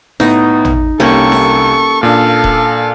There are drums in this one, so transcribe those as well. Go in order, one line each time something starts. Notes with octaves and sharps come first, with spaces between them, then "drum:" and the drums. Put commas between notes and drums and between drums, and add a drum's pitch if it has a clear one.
A2 B3 D#4, drum: snare D#4
drum: tom
C2 A#3 C#4 G4 A4 C#6
drum: snare D#4
A#2 D4 A4 F5
drum: kick D#1